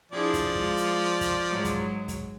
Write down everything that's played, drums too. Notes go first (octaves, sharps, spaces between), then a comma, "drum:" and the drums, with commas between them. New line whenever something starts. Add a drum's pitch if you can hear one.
F3 D4 E4 G#4 D5
drum: kick, hi-hat
G#3 F4, drum: kick
drum: hi-hat
drum: kick, hi-hat
G#2 F#3 G#3
drum: kick, hi-hat
drum: kick, hi-hat